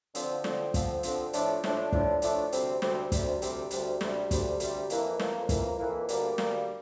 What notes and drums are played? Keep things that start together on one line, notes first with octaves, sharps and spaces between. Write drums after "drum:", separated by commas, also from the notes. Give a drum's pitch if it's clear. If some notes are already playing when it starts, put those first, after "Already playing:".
D3 F3 C4, drum: hi-hat
D3 F3 C4, drum: snare
D3 F3 C4, drum: kick, hi-hat
D3 F3 C4, drum: hi-hat
A2 F3 A3 D4, drum: hi-hat
A2 F3 A3 D4, drum: snare
A2 F3 A3 D4, drum: kick
A2 F3 A3 D4, drum: hi-hat
D2 C3 G3 C4, drum: hi-hat
D2 C3 G3 C4, drum: snare
D2 C3 G3 C4, drum: kick, hi-hat
D2 C3 G3 C4, drum: hi-hat
D2 C3 G3, drum: hi-hat
D2 C3 G3, drum: snare
D2 C3 G3, drum: kick, hi-hat
D2 C3 G3, drum: hi-hat
F2 E3 A#3, drum: hi-hat
F2 E3 A#3, drum: snare
F2 E3 A#3, drum: kick, hi-hat
F2 E3 A#3
D2 D3 G3 A#3, drum: hi-hat
D2 D3 G3 A#3, drum: snare